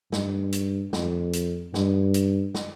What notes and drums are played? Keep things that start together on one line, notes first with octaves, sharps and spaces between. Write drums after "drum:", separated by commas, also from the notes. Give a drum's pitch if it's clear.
G2, drum: snare
drum: hi-hat
F2, drum: snare
drum: hi-hat
G2, drum: snare
drum: hi-hat
drum: snare